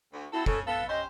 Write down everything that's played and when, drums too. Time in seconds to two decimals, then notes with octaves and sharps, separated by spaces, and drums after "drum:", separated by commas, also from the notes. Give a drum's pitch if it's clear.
0.13 D2
0.33 C4 E4 F#4 A4
0.46 C#3 A4, drum: kick
0.67 B3 A4 F5
0.89 C#4 G4 C5 D#5